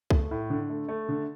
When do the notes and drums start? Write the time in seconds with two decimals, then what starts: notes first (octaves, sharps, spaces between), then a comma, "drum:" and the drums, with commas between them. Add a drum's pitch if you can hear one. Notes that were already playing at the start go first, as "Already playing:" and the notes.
0.10 A3, drum: kick C2
0.31 A2
0.50 D3
0.70 A3
0.89 A3
1.09 D3